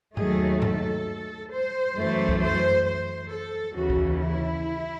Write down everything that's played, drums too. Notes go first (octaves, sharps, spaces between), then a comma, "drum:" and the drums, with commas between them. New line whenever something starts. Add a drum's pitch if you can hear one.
D#2 D#3 F#3 A3 G#4, drum: tom G2
A4, drum: tom G2
C5
F#2 E3 A3
drum: kick B1
C5
C5
A4
D#2 C#3 E3 F#4
drum: kick B1
E4